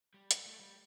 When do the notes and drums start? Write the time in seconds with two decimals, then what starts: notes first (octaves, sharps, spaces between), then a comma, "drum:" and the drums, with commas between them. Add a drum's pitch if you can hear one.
0.14 G3
0.31 drum: hi-hat
0.46 A3
0.60 G3